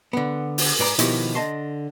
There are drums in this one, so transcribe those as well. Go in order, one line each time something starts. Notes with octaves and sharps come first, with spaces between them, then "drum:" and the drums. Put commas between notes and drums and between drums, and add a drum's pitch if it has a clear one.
D3 B3
drum: open hi-hat
G#2 B4 D5 A#5
B2 D#3 F3 E4 G4, drum: hi-hat
D3 D#5 A5 C6